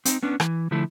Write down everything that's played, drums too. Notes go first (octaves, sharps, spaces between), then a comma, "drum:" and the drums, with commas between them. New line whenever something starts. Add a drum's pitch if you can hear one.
C4 D#4, drum: hi-hat
B3 C#4 D4
E3, drum: rim click
D3 F3 A3 E4